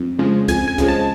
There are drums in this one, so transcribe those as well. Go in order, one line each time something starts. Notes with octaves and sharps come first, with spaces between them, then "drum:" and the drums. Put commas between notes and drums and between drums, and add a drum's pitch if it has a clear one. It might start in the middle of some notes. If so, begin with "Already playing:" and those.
Already playing: F2
C#3 F3 G#3
F2 G#5, drum: kick, hi-hat
G#5
C#3 F3 G#3, drum: kick, hi-hat
A5